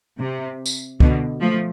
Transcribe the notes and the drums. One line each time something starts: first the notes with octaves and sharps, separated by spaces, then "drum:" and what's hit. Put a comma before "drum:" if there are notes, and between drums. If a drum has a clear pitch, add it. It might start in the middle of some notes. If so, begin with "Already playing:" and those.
C3
drum: tambourine
B2 D3, drum: kick C#2
F3 A3